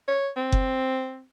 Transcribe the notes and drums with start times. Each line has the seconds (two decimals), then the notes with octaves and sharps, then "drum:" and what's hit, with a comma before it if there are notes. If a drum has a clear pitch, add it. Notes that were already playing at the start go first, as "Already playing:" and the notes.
0.08 C#5
0.36 C4
0.52 drum: kick F#1